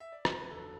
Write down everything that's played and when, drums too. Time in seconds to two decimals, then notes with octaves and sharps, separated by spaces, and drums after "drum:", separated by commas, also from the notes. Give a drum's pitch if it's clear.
0.00 E5
0.12 D5
0.25 C5, drum: rim click
0.37 B4
0.50 F#1 E2 D3 F#3 A4